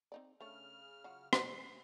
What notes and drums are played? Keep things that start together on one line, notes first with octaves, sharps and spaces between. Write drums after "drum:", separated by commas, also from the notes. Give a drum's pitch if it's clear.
C4 D#4 D5
C#3 A3 D4 C#5 F6 F7
F#3 F4 F#4
A3 D#4 C7, drum: rim click